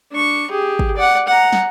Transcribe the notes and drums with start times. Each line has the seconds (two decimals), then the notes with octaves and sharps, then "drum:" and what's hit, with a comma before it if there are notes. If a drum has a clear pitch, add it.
0.12 D4 C#6
0.51 G4 G#4
0.79 drum: kick
0.97 D5 F#5
1.28 F#5 A#5
1.53 drum: snare